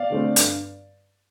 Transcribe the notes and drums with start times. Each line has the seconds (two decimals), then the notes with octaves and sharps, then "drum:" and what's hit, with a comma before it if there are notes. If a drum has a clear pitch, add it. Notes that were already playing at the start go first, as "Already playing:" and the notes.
Already playing: D5 F5
0.10 D3 A3 C4
0.36 G2, drum: hi-hat